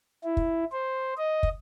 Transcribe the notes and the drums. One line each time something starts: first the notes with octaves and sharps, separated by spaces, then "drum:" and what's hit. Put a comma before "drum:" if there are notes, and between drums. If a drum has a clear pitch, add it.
E4
drum: kick
C5
D#5
drum: kick